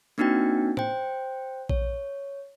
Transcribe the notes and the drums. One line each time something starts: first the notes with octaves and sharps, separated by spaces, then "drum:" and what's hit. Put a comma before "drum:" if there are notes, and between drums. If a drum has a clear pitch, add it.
A#3 C4 D4 D#4 F#4 G5
C5 G5, drum: tom
C#5, drum: kick A#1